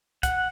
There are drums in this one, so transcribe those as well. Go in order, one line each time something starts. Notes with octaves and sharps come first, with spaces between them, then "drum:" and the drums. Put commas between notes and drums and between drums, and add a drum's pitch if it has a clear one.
F#5, drum: kick, hi-hat